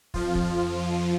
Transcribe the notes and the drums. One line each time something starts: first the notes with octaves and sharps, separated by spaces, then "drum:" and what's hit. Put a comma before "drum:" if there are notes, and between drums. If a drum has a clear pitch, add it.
F2 F3 F4, drum: kick
drum: kick